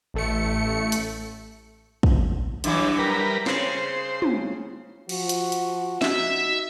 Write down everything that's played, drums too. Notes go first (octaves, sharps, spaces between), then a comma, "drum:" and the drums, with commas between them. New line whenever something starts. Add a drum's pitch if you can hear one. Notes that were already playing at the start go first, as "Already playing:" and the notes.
A1 A3 C#7
drum: hi-hat
drum: kick
G2 E3 F#3, drum: hi-hat
G3 A#4 B4
C#3 C5, drum: snare
drum: tom
F3 F#4, drum: cymbal
drum: hi-hat
drum: hi-hat
D#4 F#4 E5, drum: snare